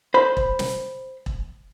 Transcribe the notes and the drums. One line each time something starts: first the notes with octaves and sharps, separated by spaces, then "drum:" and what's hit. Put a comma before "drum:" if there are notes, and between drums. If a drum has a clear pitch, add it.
C5 B5
drum: kick E1
drum: snare
drum: kick E1